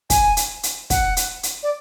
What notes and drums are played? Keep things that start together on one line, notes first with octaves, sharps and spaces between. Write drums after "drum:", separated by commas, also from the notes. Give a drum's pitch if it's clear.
G#5, drum: kick, hi-hat
drum: hi-hat
drum: hi-hat
F#5, drum: kick, hi-hat
drum: hi-hat
drum: hi-hat
D5